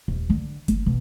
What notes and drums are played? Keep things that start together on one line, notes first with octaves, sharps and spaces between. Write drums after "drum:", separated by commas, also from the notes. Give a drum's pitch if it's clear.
D#1
D3
E3, drum: kick F#1, hi-hat
B2